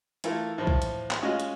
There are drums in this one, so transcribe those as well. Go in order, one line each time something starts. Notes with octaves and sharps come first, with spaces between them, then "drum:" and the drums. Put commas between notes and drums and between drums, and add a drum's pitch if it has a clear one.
E3 A3 F4 A4 A#4, drum: hi-hat
A2 E3 F3
drum: kick B1
drum: hi-hat
drum: clap
G#3 C#4 F4 F#4 D#5
drum: hi-hat